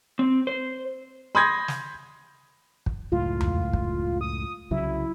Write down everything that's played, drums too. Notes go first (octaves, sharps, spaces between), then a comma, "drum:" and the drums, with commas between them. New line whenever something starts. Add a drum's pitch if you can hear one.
C4
C5
B5 C6 D#6 G6 G#6 A#6
drum: snare
drum: kick
C#2 F#2 A2 F4
drum: tom E2
drum: kick
D#6
C2 C#3 F#3 E4